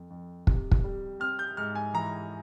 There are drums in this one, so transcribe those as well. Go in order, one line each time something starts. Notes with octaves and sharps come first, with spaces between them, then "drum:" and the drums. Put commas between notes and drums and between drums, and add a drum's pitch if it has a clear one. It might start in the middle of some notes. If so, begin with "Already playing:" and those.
Already playing: F2
F2
C3, drum: kick
drum: kick
G3
C4 F6
G6
G#2 F6
G#5
E3 A#5